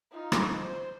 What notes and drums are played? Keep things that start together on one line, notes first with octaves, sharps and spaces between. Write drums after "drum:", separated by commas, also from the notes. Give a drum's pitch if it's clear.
D#4 F4
drum: rim click
C5